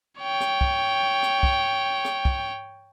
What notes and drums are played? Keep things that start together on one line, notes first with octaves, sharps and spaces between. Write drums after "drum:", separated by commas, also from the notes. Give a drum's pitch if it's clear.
C#5 G5
drum: rim click
drum: kick
drum: rim click
drum: kick
drum: rim click
drum: kick